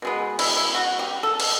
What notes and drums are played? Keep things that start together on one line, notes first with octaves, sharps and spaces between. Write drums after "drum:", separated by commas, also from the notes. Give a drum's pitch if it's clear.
B2 G#3 B3
E4, drum: cymbal
E4
F#4
G4
A4
drum: cymbal